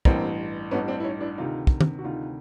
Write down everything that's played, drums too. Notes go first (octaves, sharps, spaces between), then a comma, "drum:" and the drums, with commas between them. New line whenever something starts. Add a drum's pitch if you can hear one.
A1 G2 E3 A#3 C4, drum: kick
A1 G2 E3 B3 C#4
C4 D4
E4
C#4 D#4
D4 E4
D2 C3 D#3 D#4 F4
drum: kick
drum: tom
F#4
D2 C3 D#3 D#4 F4